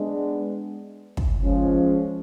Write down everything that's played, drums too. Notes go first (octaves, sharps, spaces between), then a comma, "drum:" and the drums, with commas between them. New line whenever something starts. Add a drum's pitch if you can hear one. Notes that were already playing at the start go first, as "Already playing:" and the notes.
Already playing: G#3 B3 D4
drum: kick
F3 G#3 C#4